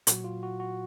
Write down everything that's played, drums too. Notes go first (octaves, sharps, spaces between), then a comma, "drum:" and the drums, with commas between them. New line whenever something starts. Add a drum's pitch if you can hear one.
A#2 F#3 F#4, drum: hi-hat
F4
F#4
F#4